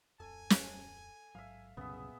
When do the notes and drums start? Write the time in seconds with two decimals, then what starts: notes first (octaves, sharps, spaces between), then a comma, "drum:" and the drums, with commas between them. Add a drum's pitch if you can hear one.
0.20 D1 F2 A4 G#5
0.50 drum: snare
1.35 A1 G#2 F#3 E5 F5
1.77 C2 F#2 A#2 C#3 B3 G#4 E5